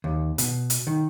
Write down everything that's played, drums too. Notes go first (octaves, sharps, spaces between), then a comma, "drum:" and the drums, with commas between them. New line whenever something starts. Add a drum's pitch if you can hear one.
D#2
B2, drum: hi-hat
drum: hi-hat
D#3